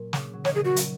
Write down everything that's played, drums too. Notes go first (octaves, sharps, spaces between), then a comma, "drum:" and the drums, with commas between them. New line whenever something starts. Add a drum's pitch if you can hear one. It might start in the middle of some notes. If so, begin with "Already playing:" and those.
Already playing: A#2 F#3
C#3, drum: snare
F#3
D#3 C#5, drum: snare
G#4
F#4
F#3, drum: hi-hat